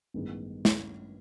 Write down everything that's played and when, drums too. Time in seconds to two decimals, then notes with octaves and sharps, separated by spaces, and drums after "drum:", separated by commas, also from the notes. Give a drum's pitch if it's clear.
0.14 A1 G2 D#3 G#3 B3
0.65 drum: snare